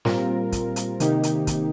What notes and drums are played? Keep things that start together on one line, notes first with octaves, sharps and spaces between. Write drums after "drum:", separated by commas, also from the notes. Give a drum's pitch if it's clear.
A#2 G3 C4 F4 A#4, drum: snare
drum: kick, hi-hat
drum: hi-hat
C3 D#3 A#3 D#4 G4, drum: hi-hat
drum: hi-hat
drum: kick, hi-hat